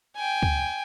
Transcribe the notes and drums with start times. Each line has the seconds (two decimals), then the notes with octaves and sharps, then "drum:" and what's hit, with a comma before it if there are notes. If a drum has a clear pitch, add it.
0.16 G5 G#5
0.42 drum: kick C#2